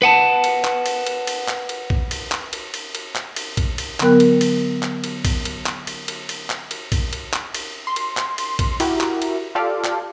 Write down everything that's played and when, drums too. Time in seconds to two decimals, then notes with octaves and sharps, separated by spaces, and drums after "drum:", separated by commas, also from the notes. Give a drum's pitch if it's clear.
0.02 B4 F#5 A5
0.44 drum: cymbal
0.65 drum: clap
0.86 drum: cymbal
1.07 drum: cymbal
1.27 drum: cymbal
1.48 drum: clap
1.69 drum: cymbal
1.90 drum: kick
2.11 drum: cymbal
2.32 drum: clap
2.53 drum: cymbal
2.74 drum: cymbal
2.95 drum: cymbal
3.16 drum: clap
3.36 drum: cymbal
3.57 drum: kick, cymbal
3.78 drum: cymbal
4.00 D3 F#3 B3 A#4 G5 F#6, drum: clap
4.20 drum: cymbal
4.41 drum: cymbal
4.83 drum: clap
5.04 drum: cymbal
5.25 drum: kick, cymbal
5.45 drum: cymbal
5.66 drum: clap
5.87 drum: cymbal
6.08 drum: cymbal
6.29 drum: cymbal
6.50 drum: clap
6.71 drum: cymbal
6.92 drum: kick, cymbal
7.13 drum: cymbal
7.34 drum: clap
7.54 drum: cymbal
7.87 C6
7.96 drum: cymbal
8.17 drum: clap
8.38 drum: cymbal
8.59 drum: kick, cymbal
8.80 E4 F#4 G4 A#4, drum: cymbal
9.01 drum: clap
9.22 drum: cymbal
9.55 F4 G4 A4 D5 F5
9.84 drum: clap